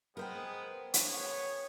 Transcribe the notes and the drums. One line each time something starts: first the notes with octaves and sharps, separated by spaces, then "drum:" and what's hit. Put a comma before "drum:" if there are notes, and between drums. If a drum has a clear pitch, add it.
G#3 B3 A#4 C5 G5
B3 G#4 C#5, drum: hi-hat